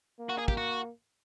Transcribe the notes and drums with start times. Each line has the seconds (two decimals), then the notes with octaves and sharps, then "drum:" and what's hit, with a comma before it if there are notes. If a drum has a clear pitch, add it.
0.19 A#3
0.30 F#4
0.39 G#4
0.48 G4, drum: kick
0.57 F#4